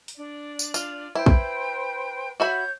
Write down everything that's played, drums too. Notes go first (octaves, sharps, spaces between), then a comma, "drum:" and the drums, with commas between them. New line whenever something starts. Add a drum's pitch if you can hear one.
drum: open hi-hat
D4 D5
drum: tambourine
F4, drum: tambourine
E4 B4 C5 G5
drum: kick
F#4 C#5 E5 B5 G6